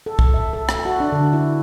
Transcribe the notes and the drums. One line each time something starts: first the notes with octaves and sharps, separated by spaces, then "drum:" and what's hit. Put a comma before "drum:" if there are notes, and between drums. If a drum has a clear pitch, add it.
A4
drum: kick
E5
A4
drum: rim click
F#4
D4
D3
E4